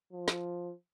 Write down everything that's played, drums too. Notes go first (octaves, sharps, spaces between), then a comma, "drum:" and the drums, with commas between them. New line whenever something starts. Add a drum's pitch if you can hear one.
F3
drum: snare